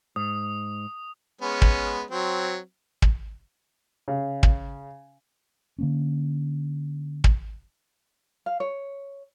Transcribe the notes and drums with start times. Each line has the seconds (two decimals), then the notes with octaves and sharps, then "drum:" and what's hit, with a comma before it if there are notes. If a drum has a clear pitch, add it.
0.16 G#2 D#6
1.41 G#3 B3 C#4
1.62 drum: kick
2.11 F#3 C4
3.02 drum: kick
4.08 C#3
4.43 drum: kick
5.79 D3 A#3 C#4
7.24 drum: kick
8.46 F5
8.60 C#5